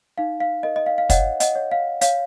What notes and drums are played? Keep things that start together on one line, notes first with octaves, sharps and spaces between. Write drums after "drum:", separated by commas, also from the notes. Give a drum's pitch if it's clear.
D#4 F5
F5
A#4 D#5
D#5
F5
F5
C#5 D#5 F#5, drum: kick, hi-hat
D#5 F#5, drum: hi-hat
C#5
F5
C#5 F5, drum: hi-hat